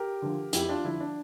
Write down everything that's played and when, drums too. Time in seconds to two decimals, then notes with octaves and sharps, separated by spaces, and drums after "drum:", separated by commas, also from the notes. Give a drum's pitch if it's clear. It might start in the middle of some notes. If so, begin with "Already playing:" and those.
Already playing: G4 A#4
0.22 D3 F3
0.53 F2 E4 G4, drum: hi-hat
0.69 D4 F4
0.84 D3 F3 E4
1.00 D4